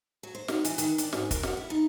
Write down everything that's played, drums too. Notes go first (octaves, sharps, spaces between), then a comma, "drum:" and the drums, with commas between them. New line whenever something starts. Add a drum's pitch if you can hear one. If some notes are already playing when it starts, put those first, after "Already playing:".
F#3
C5
D#4, drum: snare
E3, drum: hi-hat
D#3, drum: hi-hat
D4, drum: hi-hat
G#2, drum: snare
A#4, drum: kick, hi-hat
F#5, drum: snare
E4
D#4